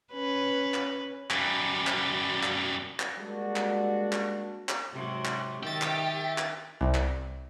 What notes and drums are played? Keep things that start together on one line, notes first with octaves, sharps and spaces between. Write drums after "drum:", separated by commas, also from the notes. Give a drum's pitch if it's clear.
C#4 B4
drum: clap
F#2 G3, drum: clap
drum: clap
drum: clap
drum: clap
G3 G#3 A#3 D4 F#4
drum: clap
drum: clap
drum: clap
G#2 C3 F#3
drum: clap
D#3 G4 E5 A6
drum: clap
drum: clap
C2
drum: clap